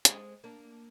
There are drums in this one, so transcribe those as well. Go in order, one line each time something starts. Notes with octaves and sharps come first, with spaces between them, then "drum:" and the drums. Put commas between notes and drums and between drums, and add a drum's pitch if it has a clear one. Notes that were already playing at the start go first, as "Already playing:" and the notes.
G#3 C4, drum: hi-hat
A#3 D4